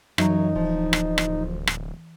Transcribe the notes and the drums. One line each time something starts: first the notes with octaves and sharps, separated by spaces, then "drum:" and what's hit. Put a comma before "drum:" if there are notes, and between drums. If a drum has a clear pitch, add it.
F#2 E3 F#3 D#4, drum: rim click
D1 F3
drum: rim click
drum: rim click
drum: rim click